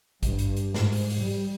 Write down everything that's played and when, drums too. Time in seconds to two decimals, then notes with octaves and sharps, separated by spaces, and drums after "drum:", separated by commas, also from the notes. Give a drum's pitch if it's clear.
0.23 G2, drum: kick G#1, hi-hat
0.39 drum: hi-hat
0.57 drum: hi-hat
0.74 G#2, drum: snare
0.92 drum: open hi-hat
1.10 drum: open hi-hat
1.20 G3